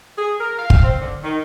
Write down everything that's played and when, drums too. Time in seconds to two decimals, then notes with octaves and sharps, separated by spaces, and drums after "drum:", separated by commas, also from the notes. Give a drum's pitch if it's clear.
0.18 G#4
0.40 A#4
0.59 F5
0.70 drum: kick
0.82 C4
1.00 D3
1.23 D#3